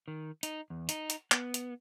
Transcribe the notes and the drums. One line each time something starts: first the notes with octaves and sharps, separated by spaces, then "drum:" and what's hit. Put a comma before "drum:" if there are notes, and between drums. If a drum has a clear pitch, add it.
D#3
D#4, drum: hi-hat
E2
D#4, drum: hi-hat
drum: hi-hat
B3, drum: clap
drum: hi-hat